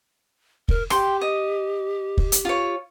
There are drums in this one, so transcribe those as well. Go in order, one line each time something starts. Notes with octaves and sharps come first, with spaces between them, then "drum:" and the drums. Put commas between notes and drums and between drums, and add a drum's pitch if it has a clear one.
A#4, drum: kick
G4 G5 C6, drum: rim click
D#5
drum: kick
drum: hi-hat
F4 C#5